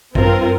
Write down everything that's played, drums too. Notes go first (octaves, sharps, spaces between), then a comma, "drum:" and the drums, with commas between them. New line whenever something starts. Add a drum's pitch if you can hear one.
G2 C4 F4 A#4, drum: kick A1